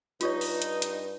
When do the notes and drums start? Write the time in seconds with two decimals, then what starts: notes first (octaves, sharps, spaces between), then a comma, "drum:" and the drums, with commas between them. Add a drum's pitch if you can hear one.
0.21 G2 D#4 F4 G4 B4 C#5, drum: hi-hat
0.41 drum: open hi-hat
0.62 drum: hi-hat
0.82 drum: hi-hat